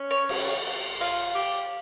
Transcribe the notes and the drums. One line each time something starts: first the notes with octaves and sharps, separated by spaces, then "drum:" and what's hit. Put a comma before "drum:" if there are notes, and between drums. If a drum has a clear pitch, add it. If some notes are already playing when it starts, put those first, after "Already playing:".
Already playing: C#4
C#5
drum: cymbal
F4 F5
G4